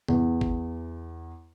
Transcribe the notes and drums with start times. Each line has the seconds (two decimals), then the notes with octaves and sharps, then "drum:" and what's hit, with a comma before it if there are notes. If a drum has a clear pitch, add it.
0.08 E2, drum: tom C3
0.41 drum: kick A1